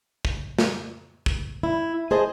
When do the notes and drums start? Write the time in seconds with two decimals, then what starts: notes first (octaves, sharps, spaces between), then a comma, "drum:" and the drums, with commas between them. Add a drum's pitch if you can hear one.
0.25 drum: kick
0.59 drum: snare
1.26 drum: kick
1.63 E4
2.11 G#4 C5 D#5 A5